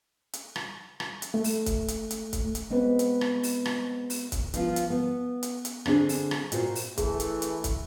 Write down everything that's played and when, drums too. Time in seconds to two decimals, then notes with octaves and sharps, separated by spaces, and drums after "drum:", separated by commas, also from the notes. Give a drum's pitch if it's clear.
0.33 drum: hi-hat
0.56 drum: rim click
1.00 drum: rim click
1.22 drum: hi-hat
1.34 A3
1.44 drum: open hi-hat
1.66 drum: kick, hi-hat
1.88 drum: hi-hat
2.11 drum: hi-hat
2.33 drum: kick, hi-hat
2.55 drum: hi-hat
2.70 G#3 B3 C4 B4
2.99 drum: hi-hat
3.21 drum: rim click
3.43 drum: open hi-hat
3.66 drum: rim click
4.10 drum: open hi-hat
4.32 drum: kick, hi-hat
4.54 F3 B3 F4, drum: hi-hat
4.76 drum: hi-hat
4.90 B3
5.43 drum: hi-hat
5.65 drum: hi-hat
5.86 D3 C4 D4 G#4, drum: rim click
6.09 drum: open hi-hat
6.31 drum: rim click
6.52 A#2 F4 F#4 C5, drum: hi-hat
6.75 drum: open hi-hat
6.98 E3 A3 G#4, drum: kick, hi-hat
7.20 drum: hi-hat
7.42 drum: hi-hat
7.64 drum: kick, hi-hat